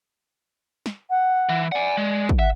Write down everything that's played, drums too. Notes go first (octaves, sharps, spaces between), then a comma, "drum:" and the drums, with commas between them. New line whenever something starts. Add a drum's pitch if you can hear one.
drum: snare
F#5
E3
D5 F#5 G#5
G#3
drum: kick
E5 F#5